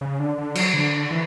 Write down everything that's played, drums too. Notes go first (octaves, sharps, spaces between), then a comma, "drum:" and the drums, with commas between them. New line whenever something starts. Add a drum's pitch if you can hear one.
C#3
D3
D3
F#3, drum: cymbal
D3
E3